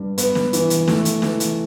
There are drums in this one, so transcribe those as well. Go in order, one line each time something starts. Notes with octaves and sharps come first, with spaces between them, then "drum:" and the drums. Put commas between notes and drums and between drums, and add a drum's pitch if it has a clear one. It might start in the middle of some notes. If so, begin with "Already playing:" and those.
Already playing: G2
B3, drum: hi-hat
drum: snare
E3, drum: hi-hat
drum: hi-hat
A3, drum: snare
drum: hi-hat
E3, drum: snare
drum: hi-hat